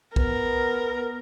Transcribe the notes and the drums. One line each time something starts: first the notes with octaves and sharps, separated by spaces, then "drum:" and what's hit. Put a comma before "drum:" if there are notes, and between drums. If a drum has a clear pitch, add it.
B3 A#4, drum: kick B1